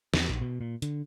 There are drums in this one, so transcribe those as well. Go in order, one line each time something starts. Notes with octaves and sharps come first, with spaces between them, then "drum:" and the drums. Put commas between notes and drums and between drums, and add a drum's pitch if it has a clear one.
E2, drum: snare
A#1
B2
A#2
D3, drum: hi-hat